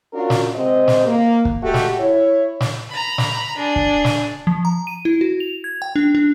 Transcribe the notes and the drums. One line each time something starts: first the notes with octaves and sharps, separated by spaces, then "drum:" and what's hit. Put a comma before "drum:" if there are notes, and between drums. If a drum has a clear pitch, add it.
C#4 D4 F4 F#4 A#4
drum: snare
C3 G#3 C4 C5 D#5
drum: snare
A#3
drum: kick
G#3 A3 F#4 G4 A4
drum: snare
E4 C#5
drum: snare
A#5 B5
drum: snare
D4 G#4
drum: kick
drum: snare
F3
A#5
D#7
E4
F#4
F7
G#6
G5
D4
D4